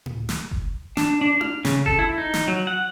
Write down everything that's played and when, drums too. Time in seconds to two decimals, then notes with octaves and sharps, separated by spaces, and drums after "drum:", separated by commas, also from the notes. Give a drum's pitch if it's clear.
0.06 drum: tom A2
0.29 drum: snare
0.51 drum: kick F#1
0.97 D4, drum: snare
1.21 D4
1.41 F6, drum: tom D#4
1.65 C#3, drum: snare
1.86 A4, drum: kick F#1
1.99 E4
2.18 D#4
2.34 drum: snare
2.48 F#3
2.67 F#5